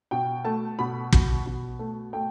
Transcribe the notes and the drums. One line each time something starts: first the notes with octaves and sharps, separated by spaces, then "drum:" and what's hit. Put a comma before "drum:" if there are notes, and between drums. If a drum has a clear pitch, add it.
B2 G5
A3 A5
B2 B5
B2, drum: kick
B2
A3
A3 G5